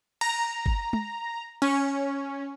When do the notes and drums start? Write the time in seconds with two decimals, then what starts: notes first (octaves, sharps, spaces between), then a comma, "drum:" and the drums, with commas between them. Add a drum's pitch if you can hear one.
0.21 A#5, drum: cymbal
0.66 drum: kick
0.93 drum: tom
1.62 C#4, drum: cymbal